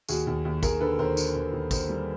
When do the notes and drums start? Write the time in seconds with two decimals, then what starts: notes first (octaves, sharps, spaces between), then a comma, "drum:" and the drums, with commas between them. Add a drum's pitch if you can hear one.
0.09 D#2 F#4 G#4, drum: tambourine
0.27 D#2
0.45 D#2
0.63 D#2 G#4 A#4, drum: kick, tambourine
0.81 D3 A4 B4
0.99 D#2 A#4 C5
1.17 D3, drum: tambourine
1.35 D#2
1.53 D#2
1.71 D#2 A#4 C5, drum: kick, tambourine
1.89 G3